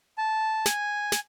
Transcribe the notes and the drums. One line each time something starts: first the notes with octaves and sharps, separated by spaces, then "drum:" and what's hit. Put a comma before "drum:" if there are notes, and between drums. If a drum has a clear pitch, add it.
A5
G#5, drum: snare
drum: snare